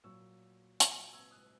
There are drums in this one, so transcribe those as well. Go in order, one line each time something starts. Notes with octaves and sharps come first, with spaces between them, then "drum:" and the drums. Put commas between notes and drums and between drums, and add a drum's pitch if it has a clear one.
A#2 F#3 C#6 E6
drum: hi-hat
E6 G#6
D#6 F#6